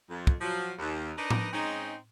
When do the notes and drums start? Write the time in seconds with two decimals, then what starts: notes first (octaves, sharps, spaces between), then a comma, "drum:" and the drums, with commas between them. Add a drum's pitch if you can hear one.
0.10 F2
0.27 drum: kick
0.41 F3 F#3
0.78 D#2
1.18 D4 D#4 A#4 B4 D5 D#5
1.30 drum: tom A2
1.53 G#3 C4 C#4 D#4